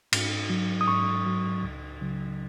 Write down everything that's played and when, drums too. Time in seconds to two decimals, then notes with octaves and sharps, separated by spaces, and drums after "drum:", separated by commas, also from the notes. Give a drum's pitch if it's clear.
0.12 G#2, drum: cymbal
0.50 F#3
0.81 D#6
0.88 G#2 C#6
1.26 F#3
1.63 C#2
2.01 C#3 F#3